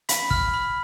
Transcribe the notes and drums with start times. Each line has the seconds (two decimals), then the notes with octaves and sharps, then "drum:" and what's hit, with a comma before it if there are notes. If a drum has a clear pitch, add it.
0.09 B5 B6, drum: hi-hat
0.31 F6, drum: kick
0.54 B5